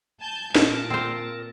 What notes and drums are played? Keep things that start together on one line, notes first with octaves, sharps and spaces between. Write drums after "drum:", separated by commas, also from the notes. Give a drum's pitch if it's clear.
G#5 A5 G6
A#2 A#4 A5, drum: snare
C4 C5